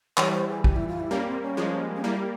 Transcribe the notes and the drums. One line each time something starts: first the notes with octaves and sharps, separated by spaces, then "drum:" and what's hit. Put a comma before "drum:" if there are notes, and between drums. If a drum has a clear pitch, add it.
E3 G3 C#5, drum: clap
C5
G#4
G4, drum: kick
E4
F4
E4
G3 A#3 C#4
C4
C#4
F3 G#3
C#4
G3 A#3 E4
G4